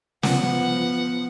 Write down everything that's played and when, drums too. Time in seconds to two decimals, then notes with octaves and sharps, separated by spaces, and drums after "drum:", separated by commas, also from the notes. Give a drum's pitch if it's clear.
0.23 F3 B3 F#5, drum: snare